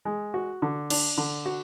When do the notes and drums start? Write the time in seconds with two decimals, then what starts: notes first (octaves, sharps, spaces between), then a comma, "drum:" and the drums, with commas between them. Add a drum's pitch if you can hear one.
0.05 G#3
0.34 F#4
0.62 D3
0.90 D4, drum: cymbal
1.18 D3
1.46 F#4